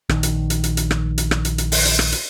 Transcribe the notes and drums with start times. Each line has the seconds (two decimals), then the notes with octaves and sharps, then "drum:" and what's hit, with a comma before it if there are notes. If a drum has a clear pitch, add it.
0.09 A#1 D#3, drum: rim click
0.23 drum: hi-hat
0.50 drum: hi-hat
0.64 drum: hi-hat
0.77 drum: hi-hat
0.91 drum: rim click
1.18 drum: hi-hat
1.31 drum: rim click
1.45 drum: hi-hat
1.58 drum: hi-hat
1.72 drum: open hi-hat
1.85 drum: hi-hat
1.99 drum: rim click
2.12 drum: hi-hat